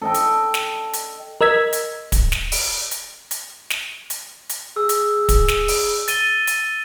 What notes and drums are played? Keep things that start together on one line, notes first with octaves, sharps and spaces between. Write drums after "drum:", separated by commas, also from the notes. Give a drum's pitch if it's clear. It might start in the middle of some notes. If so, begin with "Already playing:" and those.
A4 D#5 G5
drum: hi-hat
drum: snare
drum: hi-hat
A#4 D#5 E6 G#6 B6
drum: hi-hat
drum: kick, hi-hat
drum: snare
drum: open hi-hat
drum: hi-hat
drum: hi-hat
drum: snare
drum: hi-hat
drum: hi-hat
G#4 E6
drum: hi-hat
drum: kick, hi-hat
drum: snare
drum: open hi-hat
A6 D#7 G7, drum: hi-hat
drum: hi-hat